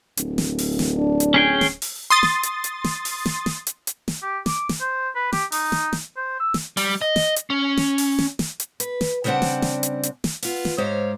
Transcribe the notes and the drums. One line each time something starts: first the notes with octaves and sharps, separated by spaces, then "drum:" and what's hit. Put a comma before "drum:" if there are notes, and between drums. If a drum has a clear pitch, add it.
D1, drum: hi-hat
drum: snare
drum: open hi-hat
drum: snare
D4
drum: hi-hat
C#4 G#4 G5
drum: snare
drum: open hi-hat
C6 D#6 A6
drum: snare
drum: hi-hat
drum: hi-hat
drum: snare
drum: open hi-hat
drum: snare
drum: snare
drum: hi-hat
drum: hi-hat
drum: snare
G4
D6, drum: snare
drum: snare
C5
B4
G4, drum: snare
D#4, drum: open hi-hat
drum: snare
drum: snare
C5
E6
drum: snare
G3, drum: open hi-hat
D#5
drum: snare
drum: hi-hat
C#4
drum: snare
drum: open hi-hat
drum: snare
drum: snare
drum: hi-hat
B4, drum: hi-hat
drum: snare
C#3 G3 C4 D4 F#5 A5
drum: snare
drum: snare
drum: hi-hat
drum: hi-hat
drum: snare
B3 F4, drum: open hi-hat
drum: snare
G#2 G#3 G4 C5 C#5 F5